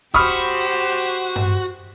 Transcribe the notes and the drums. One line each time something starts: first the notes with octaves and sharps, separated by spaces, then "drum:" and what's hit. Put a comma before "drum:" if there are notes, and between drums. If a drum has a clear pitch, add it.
F#4 G4 C5 B5 C#6 D#6 F6, drum: kick D2
drum: open hi-hat
drum: tom G2